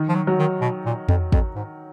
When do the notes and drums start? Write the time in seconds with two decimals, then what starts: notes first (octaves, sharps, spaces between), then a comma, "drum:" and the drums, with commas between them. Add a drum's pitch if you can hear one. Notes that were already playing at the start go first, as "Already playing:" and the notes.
Already playing: D#3
0.09 F3
0.15 F#3
0.27 F#3
0.39 D#3
0.61 B2
0.86 A#2
1.09 F2, drum: tom E2
1.32 F2, drum: kick
1.55 G#2